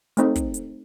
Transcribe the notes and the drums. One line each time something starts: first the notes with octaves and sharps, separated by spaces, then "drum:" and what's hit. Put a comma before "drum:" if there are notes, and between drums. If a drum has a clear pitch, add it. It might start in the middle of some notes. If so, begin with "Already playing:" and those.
A3 C4 D#4, drum: hi-hat
drum: kick, hi-hat
drum: hi-hat